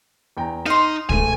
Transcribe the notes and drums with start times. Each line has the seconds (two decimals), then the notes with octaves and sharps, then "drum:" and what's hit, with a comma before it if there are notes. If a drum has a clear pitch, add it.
0.37 E2 G5 A#5
0.66 D#4 D#5 F5 C6
1.09 E1 A3 G#5 D#7, drum: kick